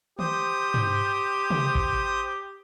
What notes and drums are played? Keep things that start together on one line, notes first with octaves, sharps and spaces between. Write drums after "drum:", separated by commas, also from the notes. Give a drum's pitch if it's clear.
G4 C5 D#6, drum: tom D3
drum: tom G2
drum: tom
drum: kick A1